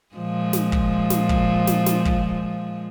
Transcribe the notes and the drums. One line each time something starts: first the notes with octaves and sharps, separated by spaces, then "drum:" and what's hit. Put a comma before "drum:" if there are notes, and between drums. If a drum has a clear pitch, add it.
A#2 F3 G#3
drum: snare
drum: kick
drum: snare
drum: kick
drum: snare
drum: snare
drum: kick